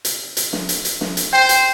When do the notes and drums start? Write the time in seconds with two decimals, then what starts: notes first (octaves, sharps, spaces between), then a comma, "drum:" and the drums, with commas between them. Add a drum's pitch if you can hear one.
0.05 drum: hi-hat
0.37 drum: hi-hat
0.53 drum: snare
0.69 drum: hi-hat
0.85 drum: hi-hat
1.01 drum: snare
1.17 drum: hi-hat
1.33 C5 G5
1.49 drum: hi-hat